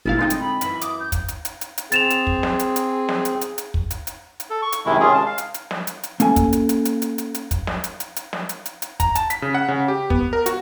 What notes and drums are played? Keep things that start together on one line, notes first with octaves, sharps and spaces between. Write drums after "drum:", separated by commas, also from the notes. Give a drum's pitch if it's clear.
G1 D2 A#2 E4 F5 A6
D3 G#3 C4 D#4 F4
drum: hi-hat
B5
F#2 E3, drum: hi-hat
D6 D#6, drum: hi-hat
G6
drum: kick, hi-hat
drum: hi-hat
drum: hi-hat
drum: hi-hat
drum: hi-hat
C4 G#4 A6 E7 F7, drum: hi-hat
drum: hi-hat
drum: kick
drum: snare
drum: hi-hat
drum: hi-hat
drum: snare
drum: hi-hat
drum: hi-hat
drum: hi-hat
drum: kick
drum: hi-hat
drum: hi-hat
drum: hi-hat
A4
C#6
drum: hi-hat
F#2 C3 D#3 G#3 E4
C3 D#3 C#4 F4 G#4
G#3 A5
F5
drum: hi-hat
drum: hi-hat
drum: snare
drum: hi-hat
drum: hi-hat
A#3 C#4 A4 G#5, drum: hi-hat
drum: kick, hi-hat
drum: hi-hat
drum: hi-hat
drum: hi-hat
drum: hi-hat
drum: hi-hat
drum: hi-hat
drum: kick, hi-hat
drum: snare
drum: hi-hat
drum: hi-hat
drum: hi-hat
drum: snare
drum: hi-hat
drum: hi-hat
drum: hi-hat
A#5, drum: kick, hi-hat
A5, drum: hi-hat
B6, drum: hi-hat
C#3
F#5
C#3
G4
B3, drum: kick
A#4
F#4, drum: hi-hat